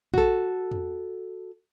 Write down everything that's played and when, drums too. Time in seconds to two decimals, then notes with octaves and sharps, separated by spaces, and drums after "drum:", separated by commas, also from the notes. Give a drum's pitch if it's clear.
0.14 F#4 A4, drum: kick
0.71 drum: tom